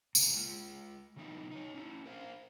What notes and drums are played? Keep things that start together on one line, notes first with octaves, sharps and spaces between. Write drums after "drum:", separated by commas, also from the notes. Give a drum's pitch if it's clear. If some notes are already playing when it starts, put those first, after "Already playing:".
A2 C#3 A#3, drum: tambourine
G#3 F4
C#3 F#3 B3 D#4 E4
D#4 C#5
C#4 E4
A#4 C5 F5